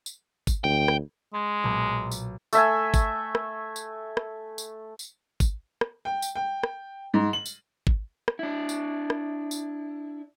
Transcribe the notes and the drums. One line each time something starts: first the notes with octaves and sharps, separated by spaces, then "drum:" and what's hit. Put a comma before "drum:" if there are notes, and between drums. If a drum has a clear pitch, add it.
drum: tambourine
drum: kick, tambourine
D2 G5
drum: rim click
G#3 B5 G#6 A#6
B1 A#2 A#5
drum: tambourine
A3 E5 G#5, drum: tambourine
drum: kick, tambourine
drum: rim click
drum: tambourine
drum: rim click
drum: tambourine
drum: tambourine
drum: kick, tambourine
drum: rim click
G5
drum: tambourine
G5
drum: rim click
G#2
F#7
drum: tambourine
drum: kick
drum: rim click
D4 E4
drum: tambourine
drum: rim click
drum: tambourine